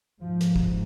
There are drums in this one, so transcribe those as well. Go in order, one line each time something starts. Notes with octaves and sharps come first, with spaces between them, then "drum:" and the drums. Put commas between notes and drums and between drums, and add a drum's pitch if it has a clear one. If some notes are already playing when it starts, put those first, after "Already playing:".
G#2 F3
drum: hi-hat
drum: kick